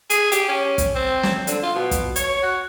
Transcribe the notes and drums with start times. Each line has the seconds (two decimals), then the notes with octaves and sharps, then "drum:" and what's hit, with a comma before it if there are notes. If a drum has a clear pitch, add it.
0.10 G#4, drum: hi-hat
0.32 G4, drum: hi-hat
0.49 C#4
0.78 drum: kick, hi-hat
0.95 C4
1.23 drum: snare
1.47 D3, drum: hi-hat
1.63 F4
1.75 B2
1.91 drum: kick, hi-hat
2.16 C#5, drum: hi-hat
2.43 F#4